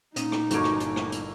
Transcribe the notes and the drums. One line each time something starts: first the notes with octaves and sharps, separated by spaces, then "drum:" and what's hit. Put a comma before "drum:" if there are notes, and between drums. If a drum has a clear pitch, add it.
A#2 C#4 D#4 D#5, drum: hi-hat
drum: rim click
G1 E3 A3 A#3 F#4 D7, drum: hi-hat
drum: rim click
drum: hi-hat
drum: rim click
drum: hi-hat